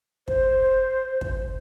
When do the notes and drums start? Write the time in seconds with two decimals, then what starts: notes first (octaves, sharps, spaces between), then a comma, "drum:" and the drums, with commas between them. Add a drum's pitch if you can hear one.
0.28 C5, drum: kick
1.21 drum: kick